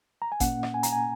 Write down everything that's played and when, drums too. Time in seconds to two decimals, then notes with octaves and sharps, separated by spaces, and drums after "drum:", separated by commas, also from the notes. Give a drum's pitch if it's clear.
0.22 A#5
0.32 G#5
0.40 A#2 A#3 C#4 F#5, drum: kick G#1, hi-hat
0.63 drum: rim click
0.74 G#5
0.83 A#5, drum: hi-hat
0.92 G#5